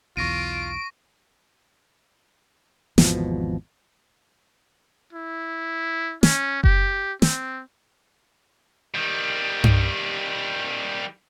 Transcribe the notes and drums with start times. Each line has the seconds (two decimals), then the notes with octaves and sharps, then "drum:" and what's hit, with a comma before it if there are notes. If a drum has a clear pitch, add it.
0.17 B1 E2 F4 C#6 A#6 D7 D#7
2.98 G#1 E2 B2 F3, drum: snare
5.13 E4
6.23 C#4, drum: snare
6.64 G4, drum: kick F#1
7.22 C4, drum: snare
8.95 D#3 G3
9.64 drum: tom G2